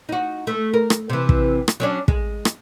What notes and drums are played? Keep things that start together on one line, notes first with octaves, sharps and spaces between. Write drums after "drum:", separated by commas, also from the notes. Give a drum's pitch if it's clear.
D#4 F#4
A3
A#4
drum: rim click
C3 E3
drum: kick
drum: rim click
F#3 C#4 D4
G#3, drum: kick
drum: rim click